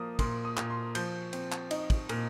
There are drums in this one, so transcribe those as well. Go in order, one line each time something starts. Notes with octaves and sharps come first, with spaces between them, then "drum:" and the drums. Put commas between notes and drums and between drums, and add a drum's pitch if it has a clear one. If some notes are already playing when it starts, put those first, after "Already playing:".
Already playing: F3 A#3 D#6
A#2 C6, drum: kick, cymbal
D#6
A#2, drum: clap
C6
F3 G6, drum: cymbal
C4, drum: cymbal
drum: clap
D#4, drum: cymbal
drum: kick, cymbal
A#2, drum: cymbal